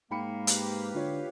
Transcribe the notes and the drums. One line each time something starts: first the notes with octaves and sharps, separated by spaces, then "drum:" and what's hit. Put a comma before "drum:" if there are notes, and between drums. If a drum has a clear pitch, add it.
G#2 A#3 G5 B5 C#7
G4 B4 F5, drum: hi-hat
D3 F4 C#5